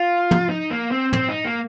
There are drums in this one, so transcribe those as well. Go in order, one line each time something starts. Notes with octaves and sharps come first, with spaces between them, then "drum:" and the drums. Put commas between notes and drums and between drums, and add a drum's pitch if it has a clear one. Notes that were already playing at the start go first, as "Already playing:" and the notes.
Already playing: F4
drum: tom
D#4
A#3
C4
C4, drum: tom
D#4
A#3